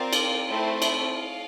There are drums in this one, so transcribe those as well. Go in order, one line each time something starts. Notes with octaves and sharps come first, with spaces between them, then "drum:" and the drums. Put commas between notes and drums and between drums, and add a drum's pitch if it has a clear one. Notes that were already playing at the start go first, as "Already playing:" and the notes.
Already playing: C4 F4 A#4 D5
drum: cymbal
A3 C4 E4
drum: cymbal
F5